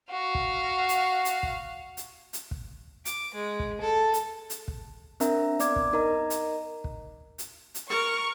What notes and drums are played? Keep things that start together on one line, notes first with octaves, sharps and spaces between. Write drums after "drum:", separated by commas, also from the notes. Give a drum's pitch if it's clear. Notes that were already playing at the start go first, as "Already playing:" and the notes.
F#4 F5
drum: kick
drum: hi-hat
drum: hi-hat
drum: kick
drum: hi-hat
drum: hi-hat
drum: kick
D6, drum: hi-hat
G#3
drum: kick
A4
drum: hi-hat
drum: hi-hat
drum: kick
C4 D4 A#4 E5 A#5, drum: hi-hat
B3 D5 D6 G#6, drum: hi-hat
drum: kick
D#4 A#4 D#5 A#5
drum: hi-hat
drum: kick
drum: hi-hat
drum: hi-hat
A#4 C#6